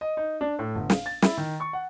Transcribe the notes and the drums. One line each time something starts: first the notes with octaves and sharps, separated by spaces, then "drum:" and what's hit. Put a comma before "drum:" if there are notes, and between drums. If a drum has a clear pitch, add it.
D#5
D#4
D4
A2
G1
F5, drum: snare
A6
E4, drum: snare
D#3
C#6
F#5